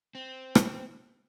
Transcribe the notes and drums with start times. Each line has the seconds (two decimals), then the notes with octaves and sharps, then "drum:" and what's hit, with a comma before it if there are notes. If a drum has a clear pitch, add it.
0.15 C4
0.55 drum: rim click